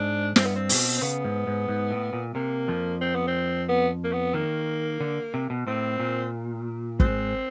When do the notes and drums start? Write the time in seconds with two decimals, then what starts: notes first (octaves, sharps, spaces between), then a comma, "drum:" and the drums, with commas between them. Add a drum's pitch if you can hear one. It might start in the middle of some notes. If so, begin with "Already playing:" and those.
Already playing: G#2 D4
0.36 G2 C4, drum: snare
0.46 B3
0.56 C4
0.69 B2, drum: open hi-hat
0.97 C4
1.02 C#3 B3
1.25 G#2
1.47 G#2
1.69 G#2
1.91 A2
2.13 A#2
2.35 C3 A#3
2.68 F2 F3
3.01 C4
3.15 B3
3.27 C4
3.68 B3
4.04 A#3
4.13 B3
4.34 D#3 A#3
5.01 D3
5.34 C3
5.50 B2
5.67 A2 C4
6.00 A#2
7.00 G#2 C4, drum: kick